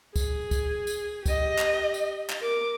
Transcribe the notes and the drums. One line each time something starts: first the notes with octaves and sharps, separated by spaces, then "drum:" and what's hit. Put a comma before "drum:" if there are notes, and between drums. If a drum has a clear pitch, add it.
G#4, drum: kick, tambourine
drum: kick, tambourine
drum: tambourine
G4 D#5, drum: kick, tambourine
drum: clap
drum: tambourine
drum: clap
A#4 D6